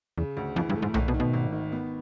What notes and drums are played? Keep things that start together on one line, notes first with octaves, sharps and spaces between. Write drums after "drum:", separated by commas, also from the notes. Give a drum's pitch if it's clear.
E2 C#3
D2
F2 E3
G2
A3
G#2
G#1 A2, drum: tom B1
B2
D#3
B2
G#1
D#3
B3